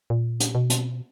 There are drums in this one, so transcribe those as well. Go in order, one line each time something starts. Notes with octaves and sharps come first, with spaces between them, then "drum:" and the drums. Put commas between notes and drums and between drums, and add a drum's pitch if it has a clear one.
A#2
drum: hi-hat
B2
drum: hi-hat